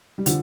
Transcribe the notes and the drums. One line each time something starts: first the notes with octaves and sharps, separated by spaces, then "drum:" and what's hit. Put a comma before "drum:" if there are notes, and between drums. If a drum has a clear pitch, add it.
G3
D3 F3, drum: hi-hat